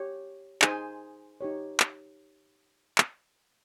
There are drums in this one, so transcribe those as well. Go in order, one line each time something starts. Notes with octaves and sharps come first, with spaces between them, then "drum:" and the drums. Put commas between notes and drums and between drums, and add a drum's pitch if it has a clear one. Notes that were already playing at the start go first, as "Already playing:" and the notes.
Already playing: G4 C#5
D#4 G#4 C5 G#5, drum: clap
D#4 G4 C#5
drum: clap
drum: clap